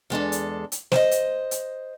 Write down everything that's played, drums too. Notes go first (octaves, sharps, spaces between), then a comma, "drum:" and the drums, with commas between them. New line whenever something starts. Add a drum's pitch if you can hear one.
E2 G#3 D4 A4
drum: hi-hat
drum: hi-hat
C5 D#5, drum: snare
drum: hi-hat
drum: hi-hat